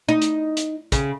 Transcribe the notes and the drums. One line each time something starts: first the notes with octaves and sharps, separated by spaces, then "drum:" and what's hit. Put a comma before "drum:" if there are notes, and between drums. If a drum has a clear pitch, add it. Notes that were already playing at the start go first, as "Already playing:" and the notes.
D#4
drum: hi-hat
drum: hi-hat
C#3, drum: kick, hi-hat